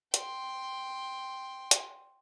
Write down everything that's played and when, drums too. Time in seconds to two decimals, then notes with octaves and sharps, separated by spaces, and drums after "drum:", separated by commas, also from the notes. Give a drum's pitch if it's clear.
0.14 G5 C6, drum: hi-hat
1.71 drum: hi-hat